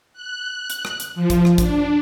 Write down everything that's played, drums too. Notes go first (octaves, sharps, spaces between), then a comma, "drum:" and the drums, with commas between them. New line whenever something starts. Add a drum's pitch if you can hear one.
F#6
drum: hi-hat
drum: rim click
drum: hi-hat
F3
drum: kick, hi-hat
drum: rim click
D4, drum: kick, hi-hat